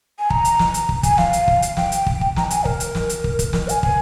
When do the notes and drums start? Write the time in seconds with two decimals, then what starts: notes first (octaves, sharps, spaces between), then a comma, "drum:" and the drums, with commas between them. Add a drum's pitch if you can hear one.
0.19 G#5
0.30 A#5, drum: kick
0.45 drum: hi-hat
0.59 drum: snare
0.74 drum: hi-hat
0.89 drum: kick
1.03 G#5, drum: kick, hi-hat
1.18 F5, drum: snare
1.33 drum: hi-hat
1.48 drum: kick
1.62 drum: hi-hat
1.77 G5, drum: snare
1.92 drum: hi-hat
2.06 drum: kick
2.21 drum: kick
2.36 A#5, drum: snare
2.44 G5
2.50 G#5, drum: hi-hat
2.65 A#4, drum: kick
2.80 drum: hi-hat
2.95 drum: snare
3.09 drum: hi-hat
3.24 drum: kick
3.39 drum: kick, hi-hat
3.53 A#4, drum: snare
3.69 G#5, drum: hi-hat
3.83 G#5, drum: kick